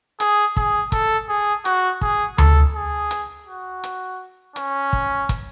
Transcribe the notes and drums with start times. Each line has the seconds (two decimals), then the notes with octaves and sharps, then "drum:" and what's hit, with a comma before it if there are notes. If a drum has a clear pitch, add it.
0.20 G#4, drum: hi-hat
0.57 G#4, drum: kick
0.92 A4, drum: kick, hi-hat
1.29 G#4
1.65 F#4, drum: hi-hat
2.01 G#4, drum: kick
2.38 A4, drum: tom D2
2.75 G#4
3.11 drum: hi-hat
3.47 F#4
3.84 drum: hi-hat
4.56 C#4, drum: hi-hat
4.93 drum: kick
5.29 drum: kick, hi-hat